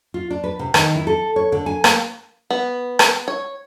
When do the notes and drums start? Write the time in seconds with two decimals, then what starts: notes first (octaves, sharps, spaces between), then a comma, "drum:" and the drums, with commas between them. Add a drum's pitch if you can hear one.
0.14 F4
0.31 D4
0.44 B4
0.59 C3
0.74 D#3, drum: rim click
0.95 E4
1.07 A4
1.36 C#5
1.52 D3
1.66 G#5
1.84 A#3, drum: rim click
2.51 B3
2.99 drum: rim click
3.28 C#5